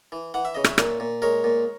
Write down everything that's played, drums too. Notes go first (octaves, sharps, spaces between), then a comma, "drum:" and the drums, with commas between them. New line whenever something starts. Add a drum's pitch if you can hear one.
E3
E3 F#5
E5
C#3 D#5
C#5 E5, drum: rim click
A#2, drum: rim click
A#2
G#3 A#4 C#5
A#2